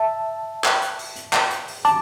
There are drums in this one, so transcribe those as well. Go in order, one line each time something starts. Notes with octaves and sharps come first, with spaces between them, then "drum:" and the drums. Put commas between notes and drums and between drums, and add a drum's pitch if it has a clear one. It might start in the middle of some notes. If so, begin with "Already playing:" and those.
Already playing: E5 A5
drum: clap
drum: hi-hat
drum: open hi-hat
drum: hi-hat
drum: clap
drum: hi-hat
drum: open hi-hat
A5 D6, drum: hi-hat